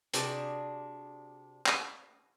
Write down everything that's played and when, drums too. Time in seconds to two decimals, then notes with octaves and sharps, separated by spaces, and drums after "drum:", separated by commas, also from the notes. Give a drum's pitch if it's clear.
0.14 C3 D4 F#4 G#4 D5, drum: hi-hat
1.66 drum: clap